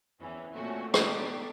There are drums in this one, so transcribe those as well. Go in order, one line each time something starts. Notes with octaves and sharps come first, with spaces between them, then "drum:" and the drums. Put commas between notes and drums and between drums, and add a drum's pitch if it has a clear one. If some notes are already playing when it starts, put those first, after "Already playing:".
E2 E3 C4 C#4
A#2 A3 C4 C#4 F#4
B3 D4 D#4 G4 A4, drum: rim click